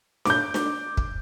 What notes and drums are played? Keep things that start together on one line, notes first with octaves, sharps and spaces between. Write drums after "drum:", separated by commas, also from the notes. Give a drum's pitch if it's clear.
D6 G6, drum: snare D4
drum: snare D4
drum: kick